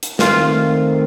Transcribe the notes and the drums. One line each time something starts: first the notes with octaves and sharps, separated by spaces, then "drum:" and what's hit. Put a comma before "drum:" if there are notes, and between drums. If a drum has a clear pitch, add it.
drum: hi-hat
D#3 A3 C4 F4, drum: snare